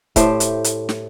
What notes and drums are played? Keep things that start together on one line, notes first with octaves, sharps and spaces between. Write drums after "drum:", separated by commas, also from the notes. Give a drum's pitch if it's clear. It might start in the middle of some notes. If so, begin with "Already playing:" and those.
A2 A3 G4 C5, drum: kick, hi-hat
drum: hi-hat
drum: hi-hat
drum: snare